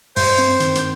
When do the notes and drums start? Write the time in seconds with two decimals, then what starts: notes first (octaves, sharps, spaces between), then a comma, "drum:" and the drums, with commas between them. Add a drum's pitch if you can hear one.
0.16 G2 C5, drum: open hi-hat
0.39 C4
0.60 D#3, drum: hi-hat
0.75 drum: hi-hat